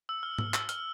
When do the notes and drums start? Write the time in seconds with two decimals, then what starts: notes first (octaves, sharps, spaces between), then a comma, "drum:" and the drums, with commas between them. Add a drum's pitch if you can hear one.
0.09 E6
0.23 F6
0.38 E6, drum: tom G#2
0.54 E6, drum: clap
0.69 F6, drum: hi-hat